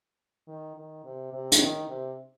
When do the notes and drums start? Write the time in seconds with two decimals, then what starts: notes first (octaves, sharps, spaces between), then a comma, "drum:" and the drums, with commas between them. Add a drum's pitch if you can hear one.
0.48 D#3
0.76 D#3
1.05 C3
1.33 C3
1.52 drum: hi-hat
1.62 D#3
1.89 C3